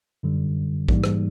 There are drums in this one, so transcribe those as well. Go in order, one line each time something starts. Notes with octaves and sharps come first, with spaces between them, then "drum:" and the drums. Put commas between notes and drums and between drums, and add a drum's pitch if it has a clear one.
F#2 D3 G3
G#2 E3 G3 A#3 D#4, drum: kick
drum: rim click